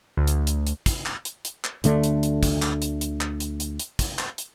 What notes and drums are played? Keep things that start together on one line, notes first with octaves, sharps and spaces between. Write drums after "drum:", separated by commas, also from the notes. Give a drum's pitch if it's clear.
D2
drum: hi-hat
drum: hi-hat
drum: hi-hat
drum: kick, hi-hat
drum: clap
drum: hi-hat
drum: hi-hat
drum: clap
D2 D3 A3 D4, drum: hi-hat
drum: hi-hat
drum: hi-hat
drum: kick, hi-hat
drum: clap
drum: hi-hat
drum: hi-hat
drum: clap
drum: hi-hat
drum: hi-hat
drum: hi-hat
drum: kick, hi-hat
drum: clap
drum: hi-hat